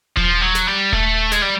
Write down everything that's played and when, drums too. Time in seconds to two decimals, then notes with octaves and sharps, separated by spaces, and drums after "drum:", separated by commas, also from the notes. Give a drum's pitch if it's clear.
0.17 F3, drum: kick D#1
0.42 F#3
0.55 drum: snare
0.67 G3
0.92 A3, drum: kick D#1
1.32 G#3, drum: snare
1.42 G3